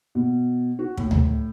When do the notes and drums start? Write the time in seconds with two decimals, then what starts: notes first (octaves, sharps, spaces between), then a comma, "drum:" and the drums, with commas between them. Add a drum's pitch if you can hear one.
0.15 B2
0.79 F#4
0.97 A2, drum: kick
1.11 drum: tom D2